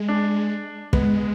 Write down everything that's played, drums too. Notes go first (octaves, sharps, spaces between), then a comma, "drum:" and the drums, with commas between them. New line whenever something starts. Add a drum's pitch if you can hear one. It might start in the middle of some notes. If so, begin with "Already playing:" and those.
Already playing: G#3
D4
G#3 B3, drum: kick